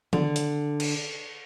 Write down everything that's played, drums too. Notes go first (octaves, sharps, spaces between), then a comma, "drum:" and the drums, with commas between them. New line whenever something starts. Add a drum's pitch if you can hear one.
D3, drum: tom D#3
drum: hi-hat
drum: cymbal